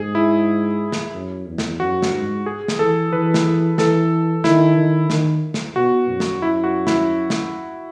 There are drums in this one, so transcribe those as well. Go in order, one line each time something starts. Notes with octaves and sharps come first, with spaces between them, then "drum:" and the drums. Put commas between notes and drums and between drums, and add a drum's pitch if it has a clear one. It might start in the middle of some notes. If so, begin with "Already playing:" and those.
Already playing: G#2 G#4
E4
drum: snare
F#2
E2
drum: snare
F#2 F#4
drum: snare
G#2
G#4
drum: snare
E3 A4
E3 B4
drum: snare
E3 A4, drum: snare
D#3 E4, drum: snare
D#3
D#3, drum: snare
drum: snare
B2 F#4
F#2
drum: snare
E4
F#4
E4, drum: snare
drum: snare